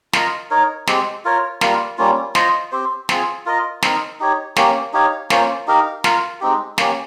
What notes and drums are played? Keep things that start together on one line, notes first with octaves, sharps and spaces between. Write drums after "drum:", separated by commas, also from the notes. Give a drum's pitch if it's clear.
F4 A#4 D#5, drum: snare
D#4 A#4 C#5
G#3 C4 G4, drum: snare
F4 A#4 C#5
G3 A#3 F4 A#4, drum: snare
G3 A#3 C#4 F4
F4 C5 D#5, drum: snare
C4 G4 C5
C4 F4 G#4, drum: snare
F4 A#4 D#5
C4 D#4 A#4, drum: snare
D#4 G4 C#5
A#3 C#4 G4, drum: snare
D#4 G4 C#5 F5
A#3 C#4 F4 C5, drum: snare
D#4 G4 A#4 F5
F4 A#4 F5, drum: snare
G#3 C4 D#4 G4
A#3 C#4 G4, drum: snare